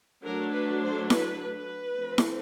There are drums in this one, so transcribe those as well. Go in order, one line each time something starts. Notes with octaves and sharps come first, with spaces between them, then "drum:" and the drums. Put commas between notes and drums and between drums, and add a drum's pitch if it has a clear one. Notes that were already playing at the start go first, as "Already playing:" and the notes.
F#3 A3 D4 A#4
B4
C5
B4, drum: snare E4
B4
D3 F3 A3 C4
drum: snare E4